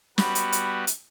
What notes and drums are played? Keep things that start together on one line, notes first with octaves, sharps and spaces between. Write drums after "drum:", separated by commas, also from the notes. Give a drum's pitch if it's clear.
G3 B3 F#4 B5, drum: snare
drum: hi-hat
drum: hi-hat
drum: hi-hat